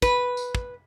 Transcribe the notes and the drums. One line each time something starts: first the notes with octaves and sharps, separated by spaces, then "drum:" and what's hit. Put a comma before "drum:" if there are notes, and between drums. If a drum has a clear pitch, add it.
B4, drum: kick, tambourine
drum: tambourine
drum: kick